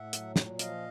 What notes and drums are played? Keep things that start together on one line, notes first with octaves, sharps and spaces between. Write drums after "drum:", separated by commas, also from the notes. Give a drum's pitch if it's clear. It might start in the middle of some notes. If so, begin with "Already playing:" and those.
Already playing: A2 E5 F#5
F#3, drum: hi-hat
A#2, drum: snare
F3 D#5 F5, drum: hi-hat